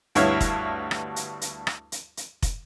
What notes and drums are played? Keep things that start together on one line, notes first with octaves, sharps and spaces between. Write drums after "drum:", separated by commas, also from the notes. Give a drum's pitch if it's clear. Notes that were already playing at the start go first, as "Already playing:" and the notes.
D2 G2 B3 E4 C#5 F5, drum: hi-hat
drum: kick F1, hi-hat
drum: rim click
drum: hi-hat
drum: hi-hat
drum: rim click
drum: hi-hat
drum: hi-hat
drum: kick F1, hi-hat